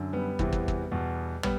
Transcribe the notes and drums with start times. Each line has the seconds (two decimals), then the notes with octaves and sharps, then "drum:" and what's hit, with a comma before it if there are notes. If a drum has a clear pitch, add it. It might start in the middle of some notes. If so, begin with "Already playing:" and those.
Already playing: F#2 D3
0.13 G3 B3
0.39 E2 C3 E3, drum: kick
0.53 drum: kick
0.68 drum: kick
0.92 E2 B2
1.43 G3 B3, drum: tom